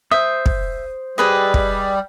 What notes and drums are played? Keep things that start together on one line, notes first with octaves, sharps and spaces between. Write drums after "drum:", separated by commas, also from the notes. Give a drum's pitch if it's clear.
C5 E5 D#6
drum: kick
G3 G#4 B4 D#5
drum: kick